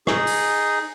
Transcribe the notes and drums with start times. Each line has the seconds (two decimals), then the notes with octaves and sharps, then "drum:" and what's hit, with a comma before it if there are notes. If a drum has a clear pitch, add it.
0.07 D#4 G#4, drum: rim click
0.27 drum: open hi-hat